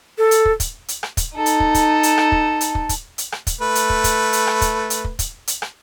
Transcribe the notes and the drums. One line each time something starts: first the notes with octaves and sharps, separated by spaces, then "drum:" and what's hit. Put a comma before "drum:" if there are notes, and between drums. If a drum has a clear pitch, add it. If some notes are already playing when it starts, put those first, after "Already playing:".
A4
drum: hi-hat
drum: kick
drum: kick, hi-hat
drum: hi-hat
drum: rim click
drum: kick, hi-hat
D#4 A4
drum: hi-hat
drum: kick
drum: kick, hi-hat
drum: hi-hat
drum: rim click
drum: kick
drum: hi-hat
drum: kick
drum: kick, hi-hat
drum: hi-hat
drum: rim click
drum: kick, hi-hat
A3 B4
drum: hi-hat
drum: kick
drum: kick, hi-hat
drum: hi-hat
drum: rim click
drum: kick, hi-hat
drum: hi-hat
drum: kick
drum: kick, hi-hat
drum: hi-hat
drum: rim click